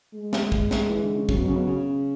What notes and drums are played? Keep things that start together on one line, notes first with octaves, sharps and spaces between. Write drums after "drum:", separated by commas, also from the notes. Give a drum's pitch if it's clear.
G#3
drum: snare
drum: kick
drum: snare
E3
D3
C#3
C#3 F#3, drum: kick
B2
C#3
B2
C#3